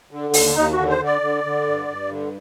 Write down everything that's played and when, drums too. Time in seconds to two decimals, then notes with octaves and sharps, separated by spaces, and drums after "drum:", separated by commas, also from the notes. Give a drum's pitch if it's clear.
0.11 D3
0.34 D#2, drum: open hi-hat
0.55 D#2 D#4
0.72 F#4
0.78 D3
0.89 C5
0.99 D3
1.05 D5
1.22 D3
1.44 D3
1.67 G2
1.88 G2
2.11 D3